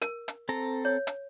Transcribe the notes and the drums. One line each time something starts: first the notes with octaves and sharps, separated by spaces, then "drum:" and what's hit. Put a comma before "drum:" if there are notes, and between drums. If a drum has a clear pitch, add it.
A#4, drum: hi-hat
drum: hi-hat
C4 A4 A#5
C#5
drum: hi-hat